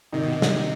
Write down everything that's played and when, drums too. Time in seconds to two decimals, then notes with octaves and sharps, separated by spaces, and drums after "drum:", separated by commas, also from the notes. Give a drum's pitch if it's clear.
0.12 C3 D#3 D#4
0.23 B2
0.33 C3
0.42 drum: snare